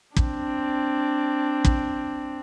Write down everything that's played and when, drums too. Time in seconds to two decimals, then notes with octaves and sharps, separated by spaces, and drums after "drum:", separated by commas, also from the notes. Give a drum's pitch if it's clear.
0.16 C4 D4, drum: kick
1.65 drum: kick